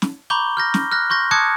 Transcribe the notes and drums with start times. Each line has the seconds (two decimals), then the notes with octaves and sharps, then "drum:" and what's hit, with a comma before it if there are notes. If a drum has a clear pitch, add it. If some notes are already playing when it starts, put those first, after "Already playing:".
0.02 drum: snare
0.30 A#5 B5 C#6 D6 G6 G7
0.57 F6 G6 A#6
0.74 drum: snare
0.92 F6 F#6 A#6
1.10 C6 C#6 G6 A#6
1.31 A5 D6 D#6 F#6 G#6 C#7